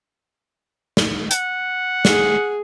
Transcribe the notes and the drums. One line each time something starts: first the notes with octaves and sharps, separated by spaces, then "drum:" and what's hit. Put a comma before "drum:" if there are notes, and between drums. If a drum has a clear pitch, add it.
drum: snare
F#5, drum: hi-hat
G#4, drum: snare